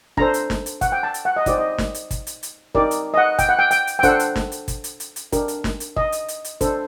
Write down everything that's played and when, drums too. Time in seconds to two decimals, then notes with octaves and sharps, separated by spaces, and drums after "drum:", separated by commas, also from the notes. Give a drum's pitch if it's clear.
0.17 D4 A4 C5 A#5, drum: kick
0.34 drum: hi-hat
0.50 drum: snare
0.66 drum: hi-hat
0.81 F#5, drum: kick, hi-hat
0.92 G5
1.03 A5
1.14 drum: hi-hat
1.25 F#5
1.36 D#5
1.46 D#4 G4 C5 D5, drum: kick, hi-hat
1.58 D#5
1.78 drum: snare
1.94 drum: hi-hat
2.11 drum: kick, hi-hat
2.27 drum: hi-hat
2.43 drum: hi-hat
2.75 D#4 G4 A#4 D5, drum: kick
2.91 drum: hi-hat
3.14 D#5
3.17 F#5
3.39 G5, drum: kick, hi-hat
3.49 F#5
3.59 G5
3.71 G5, drum: hi-hat
3.87 drum: hi-hat
3.99 G5
4.03 D4 A4 C5 F#5, drum: kick, hi-hat
4.20 drum: hi-hat
4.36 drum: snare
4.52 drum: hi-hat
4.68 drum: kick, hi-hat
4.84 drum: hi-hat
5.00 drum: hi-hat
5.16 drum: hi-hat
5.32 D4 G4 A#4, drum: kick, hi-hat
5.48 drum: hi-hat
5.64 drum: snare
5.80 drum: hi-hat
5.96 D#5, drum: kick
6.12 drum: hi-hat
6.28 drum: hi-hat
6.45 drum: hi-hat
6.61 D4 A4 C5, drum: kick, hi-hat